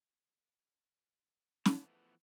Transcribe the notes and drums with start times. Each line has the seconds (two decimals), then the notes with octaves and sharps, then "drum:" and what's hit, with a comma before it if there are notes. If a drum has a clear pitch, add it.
1.65 E3 F3 A3 B3, drum: snare